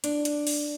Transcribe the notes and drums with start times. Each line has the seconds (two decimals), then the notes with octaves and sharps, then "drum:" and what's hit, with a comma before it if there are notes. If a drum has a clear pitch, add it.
0.04 D4, drum: hi-hat
0.25 drum: hi-hat
0.47 drum: open hi-hat